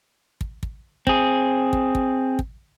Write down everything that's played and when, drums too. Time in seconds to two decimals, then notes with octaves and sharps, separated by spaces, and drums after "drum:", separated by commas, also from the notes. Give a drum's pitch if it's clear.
0.41 drum: kick
0.63 drum: kick
1.07 C4 G#4, drum: kick
1.73 drum: kick
1.95 drum: kick
2.39 drum: kick